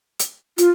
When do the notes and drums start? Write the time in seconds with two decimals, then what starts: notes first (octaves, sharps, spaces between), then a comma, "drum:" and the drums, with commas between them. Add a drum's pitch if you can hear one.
0.19 drum: hi-hat
0.58 F4, drum: hi-hat